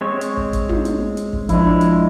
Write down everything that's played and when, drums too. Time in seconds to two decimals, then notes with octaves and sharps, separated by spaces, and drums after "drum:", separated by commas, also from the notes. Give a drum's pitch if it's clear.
0.01 G#3 C4 C#5
0.21 drum: hi-hat
0.37 drum: kick
0.53 drum: kick, hi-hat
0.69 drum: tom
0.85 drum: hi-hat
1.17 drum: hi-hat
1.33 drum: kick
1.49 F3 G#3 D4 E4, drum: kick, hi-hat
1.81 drum: hi-hat